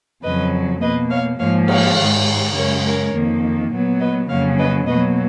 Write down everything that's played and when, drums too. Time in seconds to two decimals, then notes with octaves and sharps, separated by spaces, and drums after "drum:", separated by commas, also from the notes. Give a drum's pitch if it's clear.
0.23 F2 C#3 F#3 B4 D#5
0.81 B2 A#3 B4 D#5
1.10 C#5 F5
1.39 G#2 F3 A#3 C#5 F5
1.68 C#5 F5, drum: cymbal
1.97 G#2 D#3 G#3
2.55 F#2 C#3 G#3 A#4 C#5
2.84 A#4 C#5
3.13 F2 D#3 A#3
3.71 A#2 F#3 B3
4.00 B4 D#5
4.29 F2 C#3 F#3 A#3 C#5 F5
4.58 B4 D#5
4.87 B2 F#3 A#3 B4 D#5